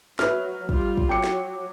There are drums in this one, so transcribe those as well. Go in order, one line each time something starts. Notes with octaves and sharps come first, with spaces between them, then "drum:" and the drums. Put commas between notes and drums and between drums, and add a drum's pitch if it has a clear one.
F#3 B4 E5 F6, drum: snare
G3 F4, drum: kick
drum: kick
F#3 G5 D6 C#7
drum: snare